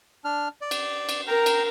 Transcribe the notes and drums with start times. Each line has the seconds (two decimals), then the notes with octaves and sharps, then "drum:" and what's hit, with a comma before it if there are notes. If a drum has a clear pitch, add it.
0.24 D4 F6
0.61 D5
0.71 drum: cymbal
1.09 drum: cymbal
1.27 A#4 G5 A#5
1.46 drum: cymbal